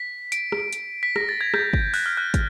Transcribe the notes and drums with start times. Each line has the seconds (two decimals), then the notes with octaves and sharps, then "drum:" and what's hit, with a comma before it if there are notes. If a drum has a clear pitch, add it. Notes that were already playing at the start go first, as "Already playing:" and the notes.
Already playing: B6
0.32 D7, drum: hi-hat
0.52 drum: rim click
0.73 drum: hi-hat
1.03 B6
1.16 A#6, drum: rim click
1.29 A6
1.41 G#6
1.54 G6, drum: rim click
1.73 drum: kick
1.94 F#6, drum: open hi-hat
2.06 F6
2.17 F#6
2.34 drum: kick, hi-hat